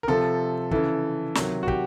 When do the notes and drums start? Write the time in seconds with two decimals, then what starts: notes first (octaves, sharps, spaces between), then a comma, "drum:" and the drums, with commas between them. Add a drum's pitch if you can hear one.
0.03 A#4
0.08 C3 F3 A4
0.71 C#3 E3 A4, drum: kick
1.35 C3 D#3 F#3, drum: snare
1.63 F#4
1.68 G4, drum: kick